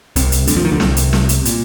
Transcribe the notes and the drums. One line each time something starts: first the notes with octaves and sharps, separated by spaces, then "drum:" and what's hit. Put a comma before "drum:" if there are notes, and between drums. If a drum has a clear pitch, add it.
C2 C3, drum: hi-hat
drum: hi-hat
D2 D3, drum: hi-hat
F2 F3
D#2 D#3
D2 D3
C2 C3, drum: snare
drum: hi-hat
drum: snare
drum: hi-hat
A#2, drum: hi-hat